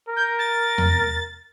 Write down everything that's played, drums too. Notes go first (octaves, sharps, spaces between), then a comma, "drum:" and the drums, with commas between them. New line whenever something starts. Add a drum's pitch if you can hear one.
A#4
G6
A6
drum: tom E2